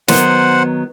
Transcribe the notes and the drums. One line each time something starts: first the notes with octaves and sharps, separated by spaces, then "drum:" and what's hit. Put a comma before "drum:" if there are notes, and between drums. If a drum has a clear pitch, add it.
D#3 F#3 B3 C5 F#5, drum: snare